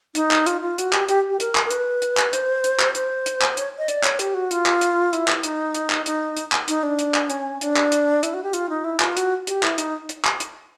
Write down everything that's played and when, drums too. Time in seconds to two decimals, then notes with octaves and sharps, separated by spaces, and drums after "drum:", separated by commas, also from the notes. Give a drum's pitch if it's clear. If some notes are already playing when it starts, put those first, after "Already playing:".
0.15 D#4, drum: hi-hat
0.31 drum: clap
0.46 F4, drum: hi-hat
0.62 F4
0.78 F#4, drum: hi-hat
0.93 G4, drum: clap
1.08 G4, drum: hi-hat
1.30 G4
1.40 A#4, drum: hi-hat
1.55 drum: clap
1.66 A#4
1.70 B4, drum: hi-hat
2.02 drum: hi-hat
2.17 drum: clap
2.33 C5, drum: hi-hat
2.64 drum: hi-hat
2.80 drum: clap
2.95 C5, drum: hi-hat
3.26 drum: hi-hat
3.42 drum: clap
3.57 C#5, drum: hi-hat
3.78 D#5
3.88 D5, drum: hi-hat
4.04 C#5, drum: clap
4.19 G4, drum: hi-hat
4.34 F#4
4.51 F4, drum: hi-hat
4.66 drum: clap
4.81 drum: hi-hat
5.13 E4, drum: hi-hat
5.28 drum: clap
5.43 D#4, drum: hi-hat
5.74 drum: hi-hat
5.90 drum: clap
6.06 D#4, drum: hi-hat
6.37 drum: hi-hat
6.52 drum: clap
6.68 D#4, drum: hi-hat
6.83 D4
6.99 drum: hi-hat
7.14 drum: clap
7.30 C#4, drum: hi-hat
7.61 D4, drum: hi-hat
7.76 drum: clap
7.92 drum: hi-hat
8.23 E4, drum: hi-hat
8.34 F#4
8.43 G4
8.53 F4, drum: hi-hat
8.70 D#4
8.84 E4
9.00 F4, drum: clap
9.17 F#4, drum: hi-hat
9.47 G4, drum: hi-hat
9.63 E4, drum: clap
9.78 D#4, drum: hi-hat
10.09 drum: hi-hat
10.25 drum: clap
10.40 drum: hi-hat